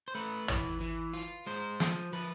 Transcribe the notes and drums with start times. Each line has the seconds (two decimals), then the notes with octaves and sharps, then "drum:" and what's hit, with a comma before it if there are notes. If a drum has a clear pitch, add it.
0.08 C5
0.15 A3 B4
0.48 E3, drum: tom
0.81 E3
1.14 F4
1.46 G#3 C5
1.80 F3, drum: snare
2.13 F3 B4